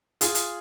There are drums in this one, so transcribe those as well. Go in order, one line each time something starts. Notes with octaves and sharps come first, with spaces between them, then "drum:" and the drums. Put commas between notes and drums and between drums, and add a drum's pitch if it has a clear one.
F4 G#4, drum: hi-hat
drum: hi-hat